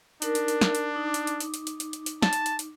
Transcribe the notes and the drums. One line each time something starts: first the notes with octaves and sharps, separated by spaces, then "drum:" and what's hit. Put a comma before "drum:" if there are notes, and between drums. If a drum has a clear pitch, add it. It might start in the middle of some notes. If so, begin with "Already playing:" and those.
D4 D#4 A#4, drum: hi-hat
drum: hi-hat
drum: hi-hat
drum: snare
drum: hi-hat
D#4 D6
drum: hi-hat
drum: hi-hat
drum: hi-hat
drum: hi-hat
drum: hi-hat
drum: hi-hat
drum: hi-hat
drum: hi-hat
A5, drum: snare
drum: hi-hat
drum: hi-hat
drum: hi-hat